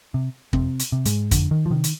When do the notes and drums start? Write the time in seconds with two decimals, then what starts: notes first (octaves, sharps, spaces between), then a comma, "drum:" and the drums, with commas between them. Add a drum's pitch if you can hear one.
0.14 C3
0.53 F2 C3 C4, drum: kick
0.80 drum: hi-hat
0.92 C3
1.06 G#2 G#3, drum: hi-hat
1.31 F2 D3, drum: kick, hi-hat
1.51 D#3
1.66 F3
1.71 C3 D#3
1.84 drum: hi-hat